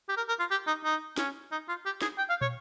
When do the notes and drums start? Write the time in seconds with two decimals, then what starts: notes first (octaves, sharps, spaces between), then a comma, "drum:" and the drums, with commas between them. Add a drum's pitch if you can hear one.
0.09 G4
0.17 A#4
0.28 A#4
0.39 F4
0.51 G4
0.67 D#4
0.84 D#4
1.17 C#4, drum: snare
1.52 D#4
1.68 F4
1.85 G4
2.02 G#4, drum: snare
2.18 G5
2.29 F5
2.41 C#5, drum: tom